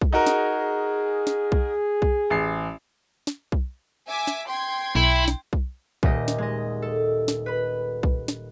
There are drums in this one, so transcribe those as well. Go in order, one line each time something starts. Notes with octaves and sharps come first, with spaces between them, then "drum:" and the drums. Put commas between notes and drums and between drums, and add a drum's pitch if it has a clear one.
drum: kick B1
D#4 F#4 G#4 A#4
drum: snare
drum: snare
drum: kick B1
drum: kick B1
A1 C7
drum: snare
drum: kick B1
E5 G#5 D6
drum: snare
G5 C6 G#6
B1 E4
drum: snare
drum: kick B1
D#1 G4 D#5, drum: kick B1
drum: snare
G#3 D#5
A4
drum: snare
B4 B5
drum: kick B1
drum: snare